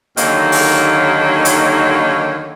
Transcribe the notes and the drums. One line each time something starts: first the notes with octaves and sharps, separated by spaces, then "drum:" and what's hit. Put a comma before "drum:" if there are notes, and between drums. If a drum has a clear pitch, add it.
D#2 D3 D#3 F#3 A#3 C#5, drum: hi-hat
drum: open hi-hat
drum: hi-hat